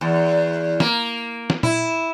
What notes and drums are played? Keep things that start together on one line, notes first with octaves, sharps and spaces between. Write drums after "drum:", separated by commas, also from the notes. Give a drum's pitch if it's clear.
E2
A#3, drum: snare
drum: snare
E4, drum: tom A#2